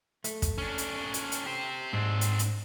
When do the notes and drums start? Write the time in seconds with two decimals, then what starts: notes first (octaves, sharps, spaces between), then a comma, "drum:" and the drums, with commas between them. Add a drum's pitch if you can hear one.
0.24 A3, drum: hi-hat
0.42 drum: kick, hi-hat
0.58 C#4 D4
0.78 drum: hi-hat
1.14 drum: hi-hat
1.32 drum: hi-hat
1.46 G4 C5
1.93 G#2 C4 D4
2.21 drum: hi-hat
2.39 drum: hi-hat